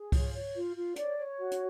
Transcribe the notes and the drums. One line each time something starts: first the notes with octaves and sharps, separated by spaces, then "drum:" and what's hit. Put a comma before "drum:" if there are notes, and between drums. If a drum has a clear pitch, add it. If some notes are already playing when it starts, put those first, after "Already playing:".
Already playing: G#4
F4 C#5, drum: kick C2, open hi-hat
C#5
F4
F4
C#5 D5, drum: hi-hat
C#5
F#4
drum: hi-hat